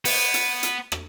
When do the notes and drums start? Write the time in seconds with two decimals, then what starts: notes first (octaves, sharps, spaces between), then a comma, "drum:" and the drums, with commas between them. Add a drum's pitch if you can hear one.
0.05 B3, drum: open hi-hat
0.34 drum: hi-hat
0.63 drum: hi-hat
0.92 drum: rim click